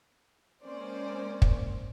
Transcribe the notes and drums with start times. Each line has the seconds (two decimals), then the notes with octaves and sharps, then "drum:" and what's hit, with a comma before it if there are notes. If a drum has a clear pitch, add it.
0.64 G#3 A#3 C4 C#4 C5 D5
1.42 drum: kick